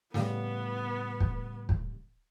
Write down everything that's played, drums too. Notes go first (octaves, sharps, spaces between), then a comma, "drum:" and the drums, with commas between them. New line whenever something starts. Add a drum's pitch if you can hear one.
A2 C#3 G3 B3, drum: snare
drum: kick
drum: kick